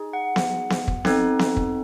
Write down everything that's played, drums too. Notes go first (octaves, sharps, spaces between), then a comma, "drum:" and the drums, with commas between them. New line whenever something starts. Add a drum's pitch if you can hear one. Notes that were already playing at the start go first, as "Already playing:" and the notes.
Already playing: D#4 G#4
F#5
drum: snare B3
drum: snare B3
drum: kick
C4 D#4 A4, drum: snare B3
drum: snare B3
drum: kick